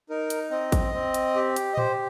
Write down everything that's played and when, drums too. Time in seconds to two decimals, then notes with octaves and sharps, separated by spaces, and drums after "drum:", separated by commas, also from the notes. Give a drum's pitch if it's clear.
0.09 D#4 A#4
0.30 drum: hi-hat
0.51 C4 D#5
0.72 drum: kick, hi-hat
0.94 C4
1.14 drum: hi-hat
1.35 G4
1.56 drum: hi-hat
1.73 D#5
1.77 G4 C5, drum: tom A2